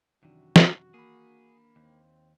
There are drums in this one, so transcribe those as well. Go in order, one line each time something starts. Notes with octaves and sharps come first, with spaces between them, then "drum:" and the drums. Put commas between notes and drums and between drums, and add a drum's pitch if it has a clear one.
F#2 C3 D#3 E3 D4 F#4
drum: snare
A#3 G#4 B5
D#2 C4